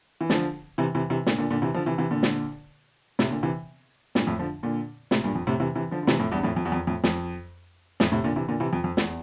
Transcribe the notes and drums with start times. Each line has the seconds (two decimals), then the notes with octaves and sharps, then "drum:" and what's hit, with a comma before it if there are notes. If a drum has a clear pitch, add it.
0.21 E3
0.30 D3 F3, drum: snare
0.78 C3 E3
0.95 C3 E3
1.10 C3 E3
1.26 A#2 D3, drum: snare
1.38 A#2 D3
1.50 A#2 D3
1.62 C3 E3
1.74 D3 F3
1.86 C3 E3
1.98 C3 E3
2.11 A#2 D3
2.23 drum: snare
3.19 A2 C3, drum: snare
3.31 A#2 D3
3.43 C3 E3
4.15 G2 A#2, drum: snare
4.27 F2 A2
4.39 D3 F3
4.63 A#2 D3
5.11 A2 C3, drum: snare
5.24 G2 A#2
5.35 F2
5.47 A2 C3
5.60 C3 E3
5.76 C3 E3
5.91 D3 F3
6.03 D3
6.07 C3 E3, drum: snare
6.19 F2 A2
6.32 E2 G2
6.43 F2 A2
6.56 F2
6.65 E2
6.72 F2
6.87 F2 A2
7.04 F2, drum: snare
8.00 F2 A2, drum: snare
8.12 A2 C3
8.24 A#2 D3
8.36 C3 E3
8.49 A#2 D3
8.60 C3 E3
8.73 F2
8.84 F2
8.97 E2, drum: snare